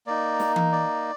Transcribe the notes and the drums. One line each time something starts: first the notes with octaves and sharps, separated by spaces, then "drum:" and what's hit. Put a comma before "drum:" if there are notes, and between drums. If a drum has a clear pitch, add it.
A#3 D#4 D5
drum: snare
drum: tom E3
D5